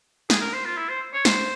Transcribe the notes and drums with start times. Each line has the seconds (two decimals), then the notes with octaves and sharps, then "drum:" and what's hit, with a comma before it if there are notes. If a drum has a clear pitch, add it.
0.30 G#4, drum: snare
0.41 A#4
0.53 C5
0.65 F4
0.77 E4
0.89 C5
1.13 C#5
1.25 C5, drum: snare